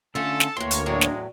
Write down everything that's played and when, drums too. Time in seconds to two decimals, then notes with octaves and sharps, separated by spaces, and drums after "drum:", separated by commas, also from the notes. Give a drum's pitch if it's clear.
0.15 D3 A3 C#4 F4 A4 A5
0.40 drum: snare
0.57 D2 A2 E3 A#3 C#5 C6
0.71 drum: hi-hat
0.86 E2 A2 F#3 G#3 D4
1.01 drum: snare